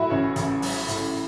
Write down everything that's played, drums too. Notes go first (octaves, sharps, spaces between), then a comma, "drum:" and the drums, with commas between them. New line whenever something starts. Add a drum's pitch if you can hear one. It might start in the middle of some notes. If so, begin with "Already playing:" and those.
Already playing: A2 F#3 E4 F#4 B4 E5
A1 C#4 C#5
A1, drum: hi-hat
F#3, drum: open hi-hat
A2, drum: hi-hat